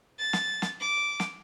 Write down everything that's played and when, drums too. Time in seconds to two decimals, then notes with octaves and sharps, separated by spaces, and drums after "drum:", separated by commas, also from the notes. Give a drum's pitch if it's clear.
0.19 A6
0.33 drum: snare
0.62 drum: snare
0.80 D6
1.20 drum: snare